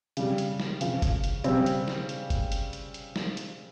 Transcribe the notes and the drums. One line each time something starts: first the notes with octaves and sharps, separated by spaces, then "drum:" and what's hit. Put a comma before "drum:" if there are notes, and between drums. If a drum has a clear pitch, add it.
C#3 G3, drum: hi-hat
drum: hi-hat
drum: snare
C#3 F3, drum: hi-hat
drum: kick F#1, hi-hat
drum: hi-hat
C#3 G3 C4, drum: hi-hat
drum: hi-hat
drum: snare
drum: hi-hat
drum: kick F#1, hi-hat
drum: hi-hat
drum: hi-hat
drum: hi-hat
drum: snare
drum: hi-hat